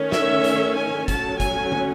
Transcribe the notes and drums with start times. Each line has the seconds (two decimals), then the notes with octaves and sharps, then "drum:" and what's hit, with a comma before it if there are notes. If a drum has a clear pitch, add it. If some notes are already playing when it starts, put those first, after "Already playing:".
Already playing: D#3 A3 C#4
0.12 E5, drum: snare
0.44 drum: hi-hat
0.76 G#5
1.08 F#3 A3 C#4 A5, drum: kick, hi-hat
1.40 G#5, drum: kick, hi-hat
1.72 drum: tom